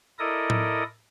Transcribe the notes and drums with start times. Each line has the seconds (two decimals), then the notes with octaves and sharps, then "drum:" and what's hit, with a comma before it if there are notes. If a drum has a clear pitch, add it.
0.19 E4 A4 A#4 D5 D#5 D#6
0.50 drum: tom A2